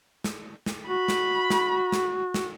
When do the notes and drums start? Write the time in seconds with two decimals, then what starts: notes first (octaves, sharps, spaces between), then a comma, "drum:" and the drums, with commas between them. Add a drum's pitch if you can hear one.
0.24 drum: snare
0.66 drum: snare
0.87 F#4 B5
1.08 drum: snare
1.50 drum: snare
1.92 drum: snare
2.34 drum: snare